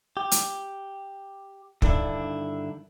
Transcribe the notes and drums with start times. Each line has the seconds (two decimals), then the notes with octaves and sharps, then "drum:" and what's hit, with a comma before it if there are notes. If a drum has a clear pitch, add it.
0.17 G4
0.31 drum: hi-hat
1.82 G2 D3 D#3 D4 E4, drum: kick